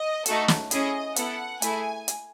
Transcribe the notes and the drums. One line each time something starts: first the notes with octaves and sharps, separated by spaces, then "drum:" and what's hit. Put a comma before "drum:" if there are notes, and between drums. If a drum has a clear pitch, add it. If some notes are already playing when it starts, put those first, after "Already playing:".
Already playing: D#5
A3 D#4 F#4 A4, drum: hi-hat
drum: snare
C#4 E4 G#4 D#5, drum: hi-hat
B3 E4 A4 F#5, drum: hi-hat
A3 E4 G#4 G#5, drum: hi-hat
drum: hi-hat